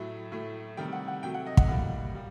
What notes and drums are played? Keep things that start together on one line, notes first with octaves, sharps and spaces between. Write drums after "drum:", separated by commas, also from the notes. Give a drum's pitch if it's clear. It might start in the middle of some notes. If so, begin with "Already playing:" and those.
Already playing: A2 F#3 A3
A2 F#3 A3
C3 D#3 G3 G5
F#5
F#5
C3 F#3 A3 G5
F#5
D#5
F#5, drum: kick
A2 G3 A#3 F#5
G3 A#3